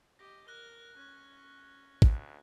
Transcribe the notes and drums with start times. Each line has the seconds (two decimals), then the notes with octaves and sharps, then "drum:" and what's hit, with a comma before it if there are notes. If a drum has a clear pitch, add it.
0.19 G4 D#5 A#6
0.48 A#4 F#6 A#6 G7
0.97 C#4 C#5
2.02 D2, drum: kick